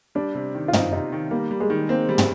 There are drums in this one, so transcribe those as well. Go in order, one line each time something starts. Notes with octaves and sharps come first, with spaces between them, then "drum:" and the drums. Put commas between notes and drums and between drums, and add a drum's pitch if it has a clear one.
G3 D4
C3
D#3
F4
C4 D#4, drum: tom
C3 D#4
D#3
G3 A#3
G3
G#3
D#3
A#3 C4
G3
drum: tom